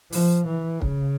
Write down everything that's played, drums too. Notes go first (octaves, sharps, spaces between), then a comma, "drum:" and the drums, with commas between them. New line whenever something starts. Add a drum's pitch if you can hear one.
F3, drum: open hi-hat
E3
C#3, drum: kick